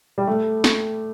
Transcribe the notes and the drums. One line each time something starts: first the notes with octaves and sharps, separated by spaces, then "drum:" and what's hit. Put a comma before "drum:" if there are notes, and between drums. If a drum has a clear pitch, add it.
G3
A3
drum: snare